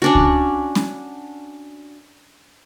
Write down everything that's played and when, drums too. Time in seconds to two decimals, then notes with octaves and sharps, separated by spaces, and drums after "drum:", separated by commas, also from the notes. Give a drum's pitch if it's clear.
0.02 C#4 D4 F#4
0.15 drum: kick C#2
0.75 drum: snare C#4